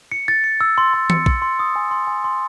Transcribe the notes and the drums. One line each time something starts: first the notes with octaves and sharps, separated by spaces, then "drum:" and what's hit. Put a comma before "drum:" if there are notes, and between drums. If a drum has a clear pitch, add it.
C#7
A6
C#7
E6
C6
C6
C#7, drum: tom E3
C6, drum: kick
C6
D#6
G#5
C6
G#5
C6